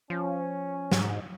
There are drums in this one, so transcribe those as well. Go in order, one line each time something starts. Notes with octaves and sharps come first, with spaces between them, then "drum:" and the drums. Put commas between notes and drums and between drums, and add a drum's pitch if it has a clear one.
F3 C#4
G#2, drum: snare